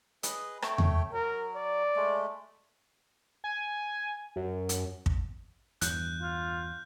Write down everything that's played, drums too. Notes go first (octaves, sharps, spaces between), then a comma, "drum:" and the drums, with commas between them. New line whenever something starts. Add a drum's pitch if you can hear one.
G#4 B4 D#5, drum: hi-hat
A3 C#5 G5, drum: rim click
drum: tom E2
F#3 A#4
D5
G#3 A3
G#5
F#2
drum: hi-hat
drum: kick
E2 G2 E3 F#6 G6, drum: hi-hat
F4